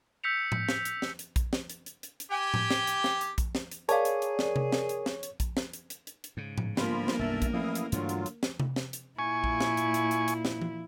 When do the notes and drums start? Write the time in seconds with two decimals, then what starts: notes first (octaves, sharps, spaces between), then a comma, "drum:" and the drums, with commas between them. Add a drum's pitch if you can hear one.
0.24 E6 G6 B6 C#7 F7
0.52 drum: tom A2
0.69 drum: snare
0.85 drum: hi-hat
1.02 drum: snare
1.19 drum: hi-hat
1.36 drum: kick A#1, hi-hat
1.53 drum: snare
1.70 drum: hi-hat
1.86 drum: hi-hat
2.03 drum: hi-hat
2.20 drum: hi-hat
2.31 G4 G5 G#5
2.54 drum: tom A2
2.71 drum: snare
2.87 drum: hi-hat
3.04 drum: snare
3.21 drum: hi-hat
3.38 drum: kick A#1, hi-hat
3.55 drum: snare
3.71 drum: hi-hat
3.89 G#4 A#4 C#5 D5 F5 A5, drum: hi-hat
4.05 drum: hi-hat
4.22 drum: hi-hat
4.39 drum: snare
4.56 drum: tom C3
4.72 drum: snare
4.89 drum: hi-hat
5.06 drum: snare
5.23 drum: hi-hat
5.40 drum: kick A#1, hi-hat
5.57 drum: snare
5.73 drum: hi-hat
5.90 drum: hi-hat
6.07 drum: hi-hat
6.24 drum: hi-hat
6.37 G#2 C#3
6.58 drum: tom A2
6.77 G1 F3 A#3 F4 A#4 B5, drum: snare
7.08 drum: snare
7.19 B1 F#2 D#3 E5 A5
7.42 drum: kick A#1, hi-hat
7.53 A1 F3 F#3 A3 E4 F5 D#6
7.75 drum: hi-hat
7.92 D2 G2 E3 F#3 A3 F4, drum: hi-hat
8.09 drum: hi-hat
8.26 drum: hi-hat
8.43 drum: snare
8.60 drum: tom C3
8.76 drum: snare
8.93 drum: hi-hat
9.19 A#2 E4 G#5 C#6
9.44 drum: kick A#1
9.61 drum: snare
9.77 drum: hi-hat
9.94 drum: hi-hat
10.11 drum: hi-hat
10.28 drum: hi-hat
10.45 drum: snare
10.61 drum: tom E3